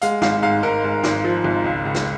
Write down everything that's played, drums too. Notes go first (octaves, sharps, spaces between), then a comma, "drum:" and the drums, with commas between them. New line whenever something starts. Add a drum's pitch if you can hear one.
G#3 F5, drum: hi-hat
G#1 F5, drum: snare
G#2 F5
G#2 A#4
G#2
G#1, drum: snare
F3
G#1
C#2
C#2
drum: snare